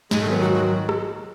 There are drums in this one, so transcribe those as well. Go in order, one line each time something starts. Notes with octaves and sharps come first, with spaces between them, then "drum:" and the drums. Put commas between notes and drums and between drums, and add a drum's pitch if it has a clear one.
G#2 G#3, drum: snare
A3
D#3 F#3 B3
G#2 F#4
D#3 F#3 F#4
drum: rim click